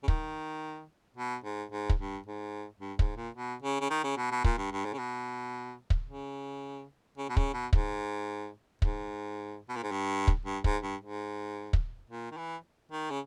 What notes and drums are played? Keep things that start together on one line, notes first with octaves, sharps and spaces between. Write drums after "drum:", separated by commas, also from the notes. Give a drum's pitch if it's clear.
C#3
D#3, drum: kick
B2
G#2
G#2
drum: kick
G2
G#2
G2
G#2, drum: kick
A#2
B2
C#3
C#3
D#3
C#3
B2
B2
A#2, drum: kick
G2
G2
G#2
C#3
B2
drum: kick
C#3
C#3
B2
C#3, drum: kick
B2
G#2, drum: kick
G#2, drum: kick
B2
A#2
G#2
G2
drum: kick
G2
G#2, drum: kick
G2
G#2
drum: kick
A#2
D#3
E3
D#3
C#3